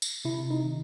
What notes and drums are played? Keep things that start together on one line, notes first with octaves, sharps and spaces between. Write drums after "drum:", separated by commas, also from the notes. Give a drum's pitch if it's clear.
drum: tambourine
C3 E4
D#4
D#3